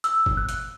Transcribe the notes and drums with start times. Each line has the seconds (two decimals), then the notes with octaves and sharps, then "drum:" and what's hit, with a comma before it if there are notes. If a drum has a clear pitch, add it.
0.04 E6, drum: hi-hat
0.26 drum: kick
0.37 F#6
0.49 drum: hi-hat